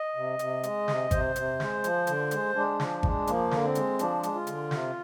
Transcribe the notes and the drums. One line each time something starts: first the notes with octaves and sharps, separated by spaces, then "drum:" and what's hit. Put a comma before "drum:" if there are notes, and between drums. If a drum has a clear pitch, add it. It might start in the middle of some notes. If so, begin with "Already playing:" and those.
Already playing: D#5
C3
C3, drum: hi-hat
G#3, drum: hi-hat
C3, drum: snare
C3 C5, drum: kick G#1, hi-hat
C3, drum: hi-hat
G#3, drum: snare
F3, drum: hi-hat
D3, drum: hi-hat
G#3, drum: hi-hat
G#3 D4
F3, drum: snare
G#3, drum: kick G#1
F3 A#3, drum: hi-hat
D3, drum: snare
C4
G#3, drum: hi-hat
F3 D4, drum: hi-hat
G#3, drum: hi-hat
F4
D3, drum: hi-hat
C3, drum: snare